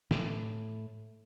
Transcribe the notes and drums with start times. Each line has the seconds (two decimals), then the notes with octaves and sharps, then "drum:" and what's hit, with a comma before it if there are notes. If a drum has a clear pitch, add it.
0.11 A2, drum: snare